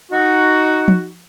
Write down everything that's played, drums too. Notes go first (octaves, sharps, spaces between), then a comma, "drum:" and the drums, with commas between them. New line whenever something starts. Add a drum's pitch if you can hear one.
D#4 F#4
drum: tom F3